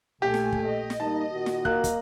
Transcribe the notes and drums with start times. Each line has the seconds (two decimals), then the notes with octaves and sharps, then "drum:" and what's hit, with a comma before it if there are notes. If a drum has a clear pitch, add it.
0.22 A#1 A3 G4 G#5
0.34 drum: snare
0.52 drum: kick
0.68 D#5
0.90 drum: snare
1.00 G3 A#3 D#4 A5
1.31 A#2 D#3 F#4
1.46 drum: snare
1.65 A#3 F#6, drum: kick
1.84 drum: kick, hi-hat